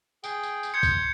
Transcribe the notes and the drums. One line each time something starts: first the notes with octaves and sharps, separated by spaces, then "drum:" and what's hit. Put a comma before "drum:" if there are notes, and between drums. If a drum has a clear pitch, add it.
G#4 G5, drum: tambourine
drum: tambourine
drum: tambourine
C6 G6 G#6 C#7
drum: kick C2, tambourine